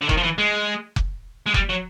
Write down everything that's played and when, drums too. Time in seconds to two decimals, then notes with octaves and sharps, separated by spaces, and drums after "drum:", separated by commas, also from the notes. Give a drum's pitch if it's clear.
0.02 D3
0.09 D#3, drum: kick F1
0.17 F3
0.23 E3
0.38 G#3
0.96 drum: kick F1
1.46 G#3
1.54 G3, drum: kick F1
1.69 F#3